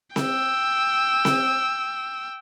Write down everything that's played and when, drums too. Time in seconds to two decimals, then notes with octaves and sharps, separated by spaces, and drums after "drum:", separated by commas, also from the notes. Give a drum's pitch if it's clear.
0.16 G5 E6, drum: snare C4
1.25 drum: snare C4